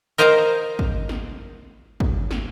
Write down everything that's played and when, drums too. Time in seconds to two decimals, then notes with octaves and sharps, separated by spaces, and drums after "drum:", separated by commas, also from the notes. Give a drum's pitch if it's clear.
0.18 A#4 C5 D#5 F5 G5 A#5
0.79 drum: kick
1.09 drum: snare
2.00 drum: kick
2.31 drum: snare